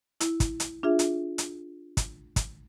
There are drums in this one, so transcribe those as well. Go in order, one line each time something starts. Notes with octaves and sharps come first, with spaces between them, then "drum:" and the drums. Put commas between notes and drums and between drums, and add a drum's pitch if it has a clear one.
E4, drum: hi-hat
drum: kick, hi-hat
drum: hi-hat
D4 F4 G#4 E5
drum: hi-hat
drum: hi-hat
drum: kick, hi-hat
drum: kick, hi-hat